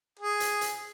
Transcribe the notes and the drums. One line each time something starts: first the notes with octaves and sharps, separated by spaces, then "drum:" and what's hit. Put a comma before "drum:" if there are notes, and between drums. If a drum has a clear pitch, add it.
G#4
drum: hi-hat
drum: hi-hat